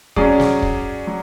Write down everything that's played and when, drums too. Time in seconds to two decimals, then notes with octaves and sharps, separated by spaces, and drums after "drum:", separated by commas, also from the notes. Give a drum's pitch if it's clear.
0.16 F#3 C#4 G#4 D5, drum: kick
0.40 drum: snare
0.62 drum: kick
1.07 F#3